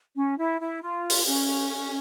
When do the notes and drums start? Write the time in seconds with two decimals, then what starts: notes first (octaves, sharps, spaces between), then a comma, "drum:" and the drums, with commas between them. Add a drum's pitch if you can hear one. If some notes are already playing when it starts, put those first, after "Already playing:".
0.15 C#4
0.37 E4
0.60 E4
0.82 F4
1.10 drum: open hi-hat
1.27 C#4